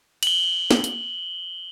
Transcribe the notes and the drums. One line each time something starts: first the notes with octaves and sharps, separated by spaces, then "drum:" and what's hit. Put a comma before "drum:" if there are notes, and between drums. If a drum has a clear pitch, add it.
F#7 G7, drum: cymbal
drum: snare
drum: hi-hat